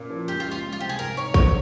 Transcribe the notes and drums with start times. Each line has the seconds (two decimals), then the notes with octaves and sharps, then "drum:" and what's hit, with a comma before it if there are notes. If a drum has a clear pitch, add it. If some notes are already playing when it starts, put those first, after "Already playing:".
Already playing: A#2 A#3 C#4
0.10 F3
0.27 C#2 G4
0.40 F4
0.46 C#2
0.51 F4
0.63 G3
0.73 F4
0.80 C3 G4
0.89 G#4
0.99 G#2 A#4
1.17 D#4 C#5
1.34 C4 C#5, drum: kick